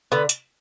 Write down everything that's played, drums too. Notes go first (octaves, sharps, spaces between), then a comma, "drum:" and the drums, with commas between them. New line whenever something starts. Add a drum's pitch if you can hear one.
D3 B3
drum: hi-hat